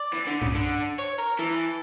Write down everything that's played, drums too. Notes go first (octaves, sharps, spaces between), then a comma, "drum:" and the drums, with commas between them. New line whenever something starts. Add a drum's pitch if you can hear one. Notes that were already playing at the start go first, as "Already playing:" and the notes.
Already playing: D5
E3
D3
C#3, drum: tom G2
D3
C#5
A#4
E3 A4